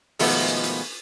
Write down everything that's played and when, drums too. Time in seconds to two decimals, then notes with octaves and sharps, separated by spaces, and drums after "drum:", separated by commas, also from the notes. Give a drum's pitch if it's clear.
0.19 B2 D#3 F3 G#3 A3 B3, drum: open hi-hat
0.63 drum: hi-hat